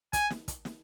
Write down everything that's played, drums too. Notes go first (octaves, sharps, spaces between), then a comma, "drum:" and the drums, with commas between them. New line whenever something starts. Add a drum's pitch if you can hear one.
G#5, drum: kick, hi-hat
drum: snare
drum: kick, hi-hat
drum: snare